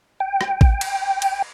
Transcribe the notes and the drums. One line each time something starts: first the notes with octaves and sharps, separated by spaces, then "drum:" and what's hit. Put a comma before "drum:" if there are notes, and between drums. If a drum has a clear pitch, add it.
G5
drum: rim click
drum: kick A1
drum: cymbal
drum: cymbal